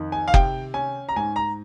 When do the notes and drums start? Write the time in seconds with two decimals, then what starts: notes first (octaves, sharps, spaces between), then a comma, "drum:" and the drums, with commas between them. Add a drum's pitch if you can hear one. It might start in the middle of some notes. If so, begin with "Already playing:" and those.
Already playing: F2 D#3
0.12 G#5
0.28 F5
0.34 C3 G5, drum: kick F#1
0.74 C#4 G#5
1.09 A#5
1.16 G#2 G#5
1.36 A#5